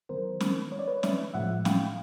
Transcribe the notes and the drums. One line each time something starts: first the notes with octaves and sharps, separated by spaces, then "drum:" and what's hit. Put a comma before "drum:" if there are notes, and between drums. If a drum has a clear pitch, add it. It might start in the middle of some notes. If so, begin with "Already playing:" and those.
D#3 F#3 B3 A#4 C5
drum: snare
C#5
D5
B4 C#5
D5 E5, drum: snare
A2 F3 G#3 E5 F#5
F5 G5, drum: snare